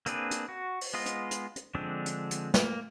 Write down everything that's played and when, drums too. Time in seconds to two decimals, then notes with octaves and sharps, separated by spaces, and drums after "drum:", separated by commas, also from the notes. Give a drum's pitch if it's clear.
0.06 A#3 C4 D4 G#4 B4, drum: hi-hat
0.31 drum: hi-hat
0.48 F#4
0.81 drum: open hi-hat
0.94 G#3 B3 F4 D#5
1.06 drum: hi-hat
1.31 drum: hi-hat
1.56 drum: hi-hat
1.75 D3 F3 G#3 C4 D4
2.06 drum: hi-hat
2.31 drum: hi-hat
2.54 A#3, drum: snare